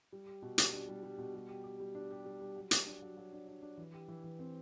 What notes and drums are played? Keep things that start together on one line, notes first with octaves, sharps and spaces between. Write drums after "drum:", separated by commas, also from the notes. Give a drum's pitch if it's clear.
G3
G4
B2
G3, drum: hi-hat
D4
G3
G3
B2
G3
G4
G4
G3
D4
G4
G3
G3
F#3
G4, drum: hi-hat
D4
F#3
F#3
D4
D4
D4
E3
G4
E3
E3
C4